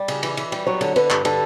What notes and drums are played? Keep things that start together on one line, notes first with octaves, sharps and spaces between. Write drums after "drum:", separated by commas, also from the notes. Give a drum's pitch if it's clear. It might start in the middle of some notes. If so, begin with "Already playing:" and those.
Already playing: G3 D5
C#3, drum: cymbal
E3, drum: cymbal
E3, drum: cymbal
G3, drum: cymbal
F#3 C#5
D3, drum: cymbal
D3 B4, drum: cymbal
G2, drum: clap
D3 A4, drum: cymbal